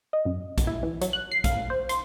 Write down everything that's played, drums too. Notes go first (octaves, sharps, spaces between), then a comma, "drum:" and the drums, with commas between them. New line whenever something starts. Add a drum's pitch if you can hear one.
D#5
F#2
drum: kick, hi-hat
E4
E3
F#3, drum: hi-hat
F#6
C7
F5, drum: kick, hi-hat
C5
C6, drum: hi-hat